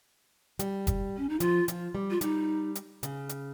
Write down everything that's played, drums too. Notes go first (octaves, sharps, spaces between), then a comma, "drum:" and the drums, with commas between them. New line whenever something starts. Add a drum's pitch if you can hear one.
G3, drum: hi-hat
drum: kick F1, hi-hat
C#4
D#4
F3 F4, drum: hi-hat
F3, drum: hi-hat
G3
F4
G3 D#4, drum: hi-hat
drum: hi-hat
C#3, drum: hi-hat
drum: hi-hat